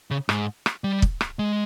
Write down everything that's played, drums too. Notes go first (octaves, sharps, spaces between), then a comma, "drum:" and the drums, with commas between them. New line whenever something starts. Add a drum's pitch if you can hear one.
C#3
G#2, drum: rim click
drum: rim click
G3
drum: kick
drum: rim click
G#3